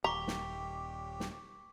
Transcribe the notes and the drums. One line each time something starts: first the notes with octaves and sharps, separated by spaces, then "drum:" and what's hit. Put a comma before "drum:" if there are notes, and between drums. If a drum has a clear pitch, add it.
D#1 G4 A#5 C#6 D6 B6
drum: snare
drum: snare